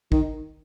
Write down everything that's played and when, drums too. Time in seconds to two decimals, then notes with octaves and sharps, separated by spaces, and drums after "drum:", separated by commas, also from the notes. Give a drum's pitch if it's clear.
0.12 D#3, drum: kick